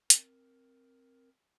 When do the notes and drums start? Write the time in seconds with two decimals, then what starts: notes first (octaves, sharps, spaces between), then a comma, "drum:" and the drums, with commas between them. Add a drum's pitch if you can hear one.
0.10 C4 A#4, drum: hi-hat